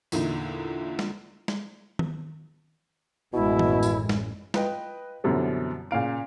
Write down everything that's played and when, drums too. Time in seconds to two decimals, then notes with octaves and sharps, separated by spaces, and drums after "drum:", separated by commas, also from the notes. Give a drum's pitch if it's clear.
0.12 E2 A#2 D3 D#4 E4, drum: tambourine
0.99 drum: snare
1.48 drum: snare
1.99 drum: tom D#3
3.33 A1 F#2 B2 G#3 E4
3.59 drum: tom D#3
3.83 drum: tambourine
4.09 drum: snare
4.54 F4 B4 D#5 G5, drum: snare
5.24 F#2 B2 D3 E3 G3 C4
5.91 A#2 C#3 F5 D7